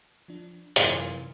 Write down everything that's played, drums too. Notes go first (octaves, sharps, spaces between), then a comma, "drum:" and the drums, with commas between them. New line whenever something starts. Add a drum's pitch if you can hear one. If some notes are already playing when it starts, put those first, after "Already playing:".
F3 D4
F#2 C3 E3 D#4 F4, drum: hi-hat